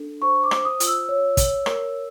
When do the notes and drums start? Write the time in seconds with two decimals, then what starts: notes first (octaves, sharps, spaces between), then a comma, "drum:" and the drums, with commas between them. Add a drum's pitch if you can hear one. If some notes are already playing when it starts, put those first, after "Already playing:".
Already playing: D4 A4
0.22 C5 C#6
0.44 D6
0.51 C5, drum: rim click
0.65 D#6
0.80 F4, drum: hi-hat
0.87 E6
1.09 C#5
1.37 C#5, drum: kick, hi-hat
1.66 A#4, drum: rim click